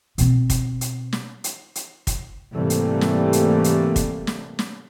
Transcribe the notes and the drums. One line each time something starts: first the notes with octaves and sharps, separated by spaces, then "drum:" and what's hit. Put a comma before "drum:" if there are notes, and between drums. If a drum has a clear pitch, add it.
B2 C4, drum: hi-hat
drum: kick, hi-hat
drum: hi-hat
drum: snare
drum: hi-hat
drum: hi-hat
drum: kick, hi-hat
G#2 C3 E3 G3 A3 A#3
drum: hi-hat
drum: snare
drum: hi-hat
drum: hi-hat
drum: kick, hi-hat
drum: snare
drum: snare